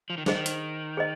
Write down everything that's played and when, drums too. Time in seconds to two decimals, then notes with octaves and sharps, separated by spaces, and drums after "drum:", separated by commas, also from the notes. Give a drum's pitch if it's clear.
0.10 F3
0.18 D#3
0.26 D3 G#4 C5 D#5, drum: snare
0.35 D#3
0.46 drum: hi-hat
0.97 G#4 C5 D#5